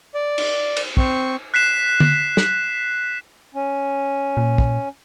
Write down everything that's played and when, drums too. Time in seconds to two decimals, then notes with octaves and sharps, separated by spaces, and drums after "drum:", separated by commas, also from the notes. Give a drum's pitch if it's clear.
0.15 D5
0.38 drum: cymbal
0.77 drum: cymbal
0.97 C4 C#6, drum: kick
1.54 F#6 B6 C7 E7
2.00 drum: tom D3
2.37 drum: snare
3.54 C#4
4.37 A#2
4.58 drum: kick